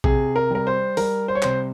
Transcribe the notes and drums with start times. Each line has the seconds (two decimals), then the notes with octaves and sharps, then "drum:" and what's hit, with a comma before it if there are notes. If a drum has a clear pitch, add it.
0.04 C3 G#4, drum: kick A#1
0.36 A#4
0.51 G3 A#4
0.67 C5
0.97 G3 A#4, drum: open hi-hat
1.28 C5
1.35 C#5
1.42 C3 C5, drum: clap